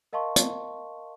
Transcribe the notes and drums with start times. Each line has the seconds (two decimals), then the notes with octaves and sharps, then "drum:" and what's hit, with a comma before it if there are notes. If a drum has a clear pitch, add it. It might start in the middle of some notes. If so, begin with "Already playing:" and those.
0.13 A#4 D#5 F5 A5 C6 C#6
0.36 drum: hi-hat